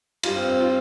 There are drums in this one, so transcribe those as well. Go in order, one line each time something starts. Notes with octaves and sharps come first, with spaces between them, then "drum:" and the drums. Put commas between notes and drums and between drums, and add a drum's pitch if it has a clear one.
G2 G3 F4, drum: cymbal
C4
C4
F4